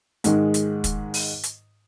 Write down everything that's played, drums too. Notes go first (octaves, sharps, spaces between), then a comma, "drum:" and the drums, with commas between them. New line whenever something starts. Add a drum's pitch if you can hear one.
G#2 D#3 G#3, drum: hi-hat
drum: hi-hat
drum: kick, hi-hat
drum: open hi-hat
drum: hi-hat